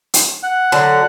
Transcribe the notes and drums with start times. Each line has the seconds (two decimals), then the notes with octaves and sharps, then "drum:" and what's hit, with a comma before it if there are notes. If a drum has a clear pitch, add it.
0.14 drum: hi-hat
0.43 F#5
0.72 D3 F#3